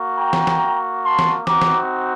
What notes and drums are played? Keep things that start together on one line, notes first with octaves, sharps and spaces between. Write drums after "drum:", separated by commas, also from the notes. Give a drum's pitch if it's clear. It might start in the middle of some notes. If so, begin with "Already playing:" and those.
Already playing: A#3 F#4
G5 A#5
drum: snare
drum: snare
A5 C6
drum: snare
C4 D#4 F#4 A#5 D6, drum: snare
drum: snare